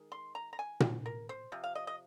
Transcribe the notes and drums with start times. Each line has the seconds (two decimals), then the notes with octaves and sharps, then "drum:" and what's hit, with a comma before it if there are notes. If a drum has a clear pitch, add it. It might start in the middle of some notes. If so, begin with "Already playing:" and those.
Already playing: D#3 G#3
0.12 C6
0.35 A#5
0.53 A#5
0.59 G#5
0.80 drum: tom A#2
1.06 A#4
1.29 C5
1.52 C3 F3
1.64 F5
1.75 D#5
1.87 D#5